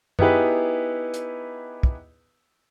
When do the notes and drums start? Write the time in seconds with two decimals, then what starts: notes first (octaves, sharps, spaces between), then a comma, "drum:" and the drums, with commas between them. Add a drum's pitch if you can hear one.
0.19 B3 D#4 E4 G4 G#4 B4, drum: tom F#2
1.14 drum: hi-hat
1.83 drum: kick